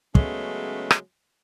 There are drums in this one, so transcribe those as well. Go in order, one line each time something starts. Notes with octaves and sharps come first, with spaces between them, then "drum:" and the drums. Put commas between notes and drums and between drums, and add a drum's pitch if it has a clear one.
C#3 F#3 G#3 A3 B3 C#4, drum: kick
drum: rim click